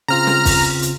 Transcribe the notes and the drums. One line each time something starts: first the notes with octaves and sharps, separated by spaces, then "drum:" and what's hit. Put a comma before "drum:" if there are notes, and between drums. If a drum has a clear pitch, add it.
C#3 C4 F4 A#5 F6
drum: snare
drum: kick, open hi-hat
drum: hi-hat